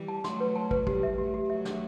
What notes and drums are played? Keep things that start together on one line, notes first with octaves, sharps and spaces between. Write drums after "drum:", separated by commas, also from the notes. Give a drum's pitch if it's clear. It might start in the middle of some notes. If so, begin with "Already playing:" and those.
Already playing: E3 G3
A5
F#3 A3 C6, drum: snare
B4
A5
B4, drum: kick
E3 G3 G4, drum: kick
E5
F#3 A3 G4
G4
F#3 A3 E5
D4, drum: snare